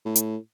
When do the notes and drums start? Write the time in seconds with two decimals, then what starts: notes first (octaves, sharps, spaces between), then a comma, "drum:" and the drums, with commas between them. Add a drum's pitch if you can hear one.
0.05 A2
0.16 drum: hi-hat